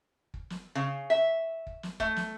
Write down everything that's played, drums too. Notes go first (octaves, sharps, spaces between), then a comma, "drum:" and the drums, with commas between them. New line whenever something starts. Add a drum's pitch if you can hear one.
drum: kick
drum: snare
C#3
E5
drum: kick
drum: snare
A3, drum: kick
drum: snare